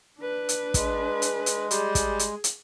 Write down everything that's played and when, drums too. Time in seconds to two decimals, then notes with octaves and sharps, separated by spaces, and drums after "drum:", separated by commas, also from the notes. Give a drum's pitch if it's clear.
0.19 D4 B4
0.49 drum: hi-hat
0.74 G#3, drum: kick, hi-hat
1.22 drum: hi-hat
1.46 drum: hi-hat
1.71 G3 G#4, drum: hi-hat
1.95 drum: kick, hi-hat
2.19 drum: hi-hat
2.44 drum: hi-hat